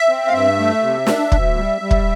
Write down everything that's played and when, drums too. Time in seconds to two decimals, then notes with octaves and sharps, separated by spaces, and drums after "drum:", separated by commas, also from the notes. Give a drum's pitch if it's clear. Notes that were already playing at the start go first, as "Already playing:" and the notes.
Already playing: E5
0.09 C4
0.27 F5
0.33 G2 E5
0.58 A3
0.82 C3
1.07 D4, drum: snare
1.32 D2, drum: kick
1.56 G3
1.81 G3
1.91 drum: kick